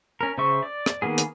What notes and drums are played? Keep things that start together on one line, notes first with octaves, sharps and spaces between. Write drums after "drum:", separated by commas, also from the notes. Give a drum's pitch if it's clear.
C#4 A#4
C#3 C5 E5 C#6
D5
drum: rim click
D#3 A#3 B3 G#4
drum: hi-hat